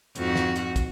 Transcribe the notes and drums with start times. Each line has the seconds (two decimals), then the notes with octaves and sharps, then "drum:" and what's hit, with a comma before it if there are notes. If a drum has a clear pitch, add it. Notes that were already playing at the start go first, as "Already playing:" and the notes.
0.16 F2 G#2 F#4, drum: hi-hat
0.36 drum: snare
0.56 drum: hi-hat
0.76 drum: kick, hi-hat